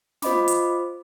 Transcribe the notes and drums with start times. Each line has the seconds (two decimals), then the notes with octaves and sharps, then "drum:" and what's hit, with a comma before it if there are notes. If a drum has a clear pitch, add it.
0.22 F4 C5 D#5 B5 D6, drum: snare
0.48 drum: hi-hat